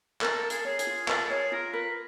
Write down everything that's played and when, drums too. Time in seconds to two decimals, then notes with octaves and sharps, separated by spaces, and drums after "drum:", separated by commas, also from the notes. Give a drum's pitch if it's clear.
0.21 A4 A#4, drum: clap
0.43 A#4
0.50 G#4, drum: hi-hat
0.58 A4
0.65 G#4 C#5
0.79 G#4, drum: hi-hat
0.87 F4
1.08 A4 A#4, drum: clap
1.24 A4
1.30 G#4 C#5
1.52 F4 A#4
1.73 A#4 B4